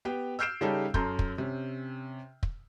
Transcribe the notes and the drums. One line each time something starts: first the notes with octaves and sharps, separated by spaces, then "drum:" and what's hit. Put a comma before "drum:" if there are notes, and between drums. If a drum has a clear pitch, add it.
B3 G4 G5
E6 F6 G6 C7 D7 E7
C#3 G3 C#4 D#4 G4 A4
F#2 A4 A#5 C6 G6, drum: kick
drum: kick
C3 C#4
drum: kick